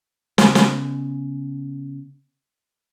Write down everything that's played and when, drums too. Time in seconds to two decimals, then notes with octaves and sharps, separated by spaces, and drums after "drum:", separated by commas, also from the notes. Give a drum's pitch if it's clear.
0.38 C#3 B3 C#4, drum: snare
0.55 drum: snare